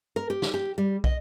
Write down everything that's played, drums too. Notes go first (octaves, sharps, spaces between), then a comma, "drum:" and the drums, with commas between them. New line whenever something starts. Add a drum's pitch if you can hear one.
A#4
G4
drum: snare
G4
G3
D#5, drum: kick